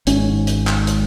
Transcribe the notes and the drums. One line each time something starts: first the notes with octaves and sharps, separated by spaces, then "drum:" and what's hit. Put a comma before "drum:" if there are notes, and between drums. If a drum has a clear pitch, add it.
G#1 G#2 C#4, drum: hi-hat
drum: hi-hat
drum: clap
drum: hi-hat